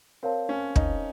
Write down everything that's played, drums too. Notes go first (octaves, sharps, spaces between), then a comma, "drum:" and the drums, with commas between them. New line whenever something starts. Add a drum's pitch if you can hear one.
C4 A#4 C#5 F5 A5
C#4
D#4, drum: kick